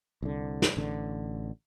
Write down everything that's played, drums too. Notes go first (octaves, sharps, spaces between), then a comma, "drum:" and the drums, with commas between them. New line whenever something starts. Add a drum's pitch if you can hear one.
C2 D3
drum: snare
A1 D3